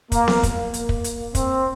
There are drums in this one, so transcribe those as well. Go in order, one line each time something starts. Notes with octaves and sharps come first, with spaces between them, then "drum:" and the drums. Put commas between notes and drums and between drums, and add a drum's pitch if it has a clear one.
A#3, drum: kick, hi-hat
drum: snare B3
A#3, drum: kick, hi-hat
drum: hi-hat
drum: kick
drum: hi-hat
C4, drum: kick, hi-hat